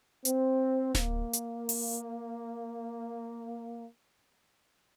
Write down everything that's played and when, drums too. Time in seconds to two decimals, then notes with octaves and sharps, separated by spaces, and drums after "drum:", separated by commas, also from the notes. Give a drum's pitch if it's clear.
0.25 C4, drum: hi-hat
0.95 A#3, drum: snare D1
1.33 drum: hi-hat
1.69 drum: open hi-hat